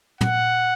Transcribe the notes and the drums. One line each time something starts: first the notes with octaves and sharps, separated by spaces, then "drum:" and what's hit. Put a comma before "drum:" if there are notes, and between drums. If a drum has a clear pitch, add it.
F#5, drum: tom